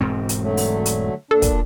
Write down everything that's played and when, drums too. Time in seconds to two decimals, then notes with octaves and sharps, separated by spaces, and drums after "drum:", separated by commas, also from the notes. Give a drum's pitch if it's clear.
0.01 E1 G#2 C4
0.29 drum: hi-hat
0.42 D3 F#3 A3
0.57 drum: open hi-hat
0.86 drum: hi-hat
1.31 A#2 D4 A4
1.42 drum: kick, hi-hat